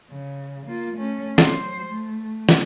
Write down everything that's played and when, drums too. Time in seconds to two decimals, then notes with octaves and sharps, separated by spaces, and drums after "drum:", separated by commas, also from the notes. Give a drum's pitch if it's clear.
0.11 C#3
0.66 A#3 F4
0.95 A3 C#4
1.38 F#3 C5, drum: snare
1.86 A3
2.49 drum: snare